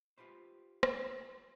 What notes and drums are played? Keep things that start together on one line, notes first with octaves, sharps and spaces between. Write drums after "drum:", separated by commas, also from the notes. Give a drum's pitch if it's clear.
F4 G4 B4 C5
drum: rim click